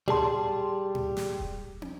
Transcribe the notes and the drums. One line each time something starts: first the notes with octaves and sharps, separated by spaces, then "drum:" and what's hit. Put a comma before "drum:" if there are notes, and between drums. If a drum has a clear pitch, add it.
G3 G#4 A5 C6, drum: tom A2
drum: tom A2
drum: snare
drum: kick D#1
drum: tom